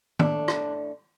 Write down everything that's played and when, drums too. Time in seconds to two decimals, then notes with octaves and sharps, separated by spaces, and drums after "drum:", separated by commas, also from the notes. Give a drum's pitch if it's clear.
0.19 A2 A3 D4, drum: tom
0.48 drum: rim click